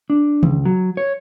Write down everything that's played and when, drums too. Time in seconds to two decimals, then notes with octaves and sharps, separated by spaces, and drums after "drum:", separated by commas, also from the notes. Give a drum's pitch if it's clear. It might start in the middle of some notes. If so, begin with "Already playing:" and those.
0.10 D4
0.43 C#2, drum: tom D#3
0.65 F#3
0.97 C#5